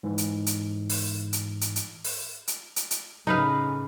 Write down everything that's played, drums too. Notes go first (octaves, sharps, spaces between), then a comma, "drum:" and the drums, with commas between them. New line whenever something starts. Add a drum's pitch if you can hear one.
G#2 E3
drum: hi-hat
drum: hi-hat
drum: open hi-hat
drum: hi-hat
drum: hi-hat
drum: hi-hat
drum: open hi-hat
drum: hi-hat
drum: hi-hat
drum: hi-hat
A2 C#3 D#4 B4 F5